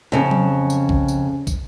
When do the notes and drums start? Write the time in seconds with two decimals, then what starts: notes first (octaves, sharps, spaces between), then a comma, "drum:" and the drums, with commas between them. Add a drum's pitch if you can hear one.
0.12 F2 C#3
0.31 drum: tom F#3
0.70 drum: tambourine
0.89 drum: kick
1.08 drum: tambourine
1.47 drum: kick, tambourine